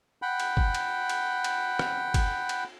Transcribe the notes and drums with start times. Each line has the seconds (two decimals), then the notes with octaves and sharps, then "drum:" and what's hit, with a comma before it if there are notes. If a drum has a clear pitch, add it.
0.22 F#5 G5 B5
0.40 drum: cymbal
0.57 drum: kick
0.75 drum: cymbal
1.09 drum: cymbal
1.44 drum: cymbal
1.79 drum: rim click
2.14 drum: kick, cymbal
2.49 drum: cymbal